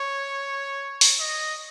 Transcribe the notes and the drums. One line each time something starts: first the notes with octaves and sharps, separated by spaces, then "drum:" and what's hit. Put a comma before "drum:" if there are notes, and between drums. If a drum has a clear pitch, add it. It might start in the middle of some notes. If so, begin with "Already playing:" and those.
Already playing: C#5
drum: open hi-hat
D#5